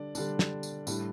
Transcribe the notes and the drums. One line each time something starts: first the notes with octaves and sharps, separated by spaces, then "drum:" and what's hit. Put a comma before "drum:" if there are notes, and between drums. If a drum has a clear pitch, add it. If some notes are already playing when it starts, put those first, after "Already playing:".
Already playing: D3 G3 D4 D5
D3 G3 D4, drum: tambourine
drum: snare
drum: tambourine
A2 G3 D4, drum: tambourine